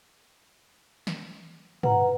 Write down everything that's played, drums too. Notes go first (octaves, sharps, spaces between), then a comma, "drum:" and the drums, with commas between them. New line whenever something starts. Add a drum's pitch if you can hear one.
drum: snare
B4 F#5 A#5, drum: tom